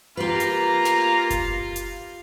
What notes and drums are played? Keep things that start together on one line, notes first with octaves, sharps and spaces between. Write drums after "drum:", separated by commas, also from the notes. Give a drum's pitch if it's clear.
A#3 F4 G4 B4 F5 A#5
drum: hi-hat
drum: snare
drum: kick F#1, hi-hat
drum: hi-hat